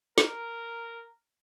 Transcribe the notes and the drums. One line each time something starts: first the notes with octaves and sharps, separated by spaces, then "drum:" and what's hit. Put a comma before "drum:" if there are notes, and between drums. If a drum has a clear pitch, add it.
A#4, drum: snare